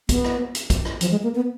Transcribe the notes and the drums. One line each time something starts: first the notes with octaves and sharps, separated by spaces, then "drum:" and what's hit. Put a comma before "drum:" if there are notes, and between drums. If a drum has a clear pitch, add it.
B3, drum: kick, hi-hat
drum: rim click
drum: hi-hat
drum: kick, hi-hat
drum: rim click
F3, drum: hi-hat
G#3
A#3
B3